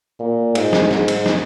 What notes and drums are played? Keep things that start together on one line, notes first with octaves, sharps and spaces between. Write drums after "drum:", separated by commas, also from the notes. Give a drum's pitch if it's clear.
A#2
G#2, drum: cymbal
drum: snare
G#2, drum: snare
drum: cymbal
drum: snare